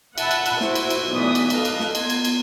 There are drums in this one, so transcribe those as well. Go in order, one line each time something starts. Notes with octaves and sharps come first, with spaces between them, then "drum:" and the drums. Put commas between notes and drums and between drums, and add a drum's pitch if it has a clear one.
E5 F#5 A5 B5 E6, drum: cymbal
drum: cymbal
drum: cymbal
E4 F#4 C5, drum: snare
drum: cymbal
drum: cymbal
B1 E3 A3 D5 D#6 B6
drum: cymbal
A4 B4 D#5 F5, drum: cymbal
drum: cymbal
drum: snare
B3 C6 G#6, drum: cymbal
drum: cymbal
drum: cymbal